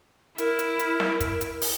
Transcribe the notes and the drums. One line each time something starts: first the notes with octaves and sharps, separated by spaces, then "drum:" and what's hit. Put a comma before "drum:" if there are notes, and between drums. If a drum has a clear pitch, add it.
E4 A#4, drum: hi-hat
drum: hi-hat
drum: hi-hat
drum: snare
drum: kick, hi-hat
drum: hi-hat
drum: open hi-hat